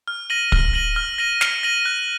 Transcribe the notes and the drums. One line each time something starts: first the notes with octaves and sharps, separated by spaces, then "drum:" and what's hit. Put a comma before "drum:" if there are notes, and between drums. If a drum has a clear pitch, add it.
F6
A#6 D#7 F#7
F6, drum: kick
A#6 D#7 F#7
F6
A#6 D#7 F#7
F6, drum: snare
A#6 D#7 F#7
F#6